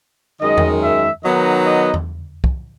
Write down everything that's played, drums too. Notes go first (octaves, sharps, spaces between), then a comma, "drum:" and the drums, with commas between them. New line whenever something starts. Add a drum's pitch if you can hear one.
F#2 D#3 G#3 D#5
drum: tom E2
E5
D#3 F#3 B3 D#4 D#5
D#5
drum: tom E2
drum: kick